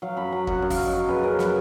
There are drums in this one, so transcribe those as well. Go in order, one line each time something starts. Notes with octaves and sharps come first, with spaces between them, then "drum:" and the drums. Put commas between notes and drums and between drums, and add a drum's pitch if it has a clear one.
F#3 F5
F#2 B5
F#3 A#5
F#2 F#5, drum: kick
F#2
F5, drum: kick, open hi-hat
F#3
D#5
F#3 C#5
C#3 B4
C#3 A#4
F#3 B4, drum: snare